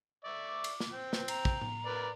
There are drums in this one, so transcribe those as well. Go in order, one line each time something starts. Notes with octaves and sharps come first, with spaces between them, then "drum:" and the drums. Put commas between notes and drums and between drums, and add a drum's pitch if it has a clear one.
D5 E5 C#6
D6
drum: cymbal
drum: snare
C4 G5
B4, drum: snare
A#5, drum: cymbal
drum: kick
drum: tom A2
A#4 B4 D5